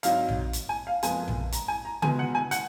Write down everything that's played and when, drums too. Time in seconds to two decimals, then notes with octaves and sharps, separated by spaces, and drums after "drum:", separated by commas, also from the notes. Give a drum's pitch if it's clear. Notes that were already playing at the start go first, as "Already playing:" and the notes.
0.03 G#1 G#2 F#3 F5, drum: hi-hat
0.28 drum: tom A#1
0.53 drum: hi-hat
0.69 G#5
0.87 F5
1.03 F#1 F2 F3 G#3 B3 G#5, drum: hi-hat
1.28 drum: tom A#1
1.52 A#5, drum: hi-hat
1.68 G#5
1.85 A#5
2.02 C#2 B2 G#3 B3 G#5, drum: tom C#3
2.19 F#5
2.35 G#5
2.51 F#5, drum: hi-hat